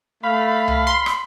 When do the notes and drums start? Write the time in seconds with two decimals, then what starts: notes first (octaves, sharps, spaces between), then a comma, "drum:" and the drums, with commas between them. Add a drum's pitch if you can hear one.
0.23 A3 F5 B5
0.68 drum: tom C2
0.87 C6
1.06 drum: rim click